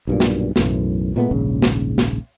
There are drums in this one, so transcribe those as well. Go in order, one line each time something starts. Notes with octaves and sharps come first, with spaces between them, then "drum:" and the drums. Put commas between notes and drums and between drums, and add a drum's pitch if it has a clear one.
B1 G2 A#2
drum: snare
B1 F#2 A2 E3, drum: snare
A#2 G#3 A3 B3
D#1 A#1 G#2 C#3
drum: snare
drum: snare